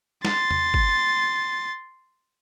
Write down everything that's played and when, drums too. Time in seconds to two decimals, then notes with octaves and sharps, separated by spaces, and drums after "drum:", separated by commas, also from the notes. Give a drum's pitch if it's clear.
0.25 C6 A6, drum: snare
0.51 drum: tom E2
0.74 drum: kick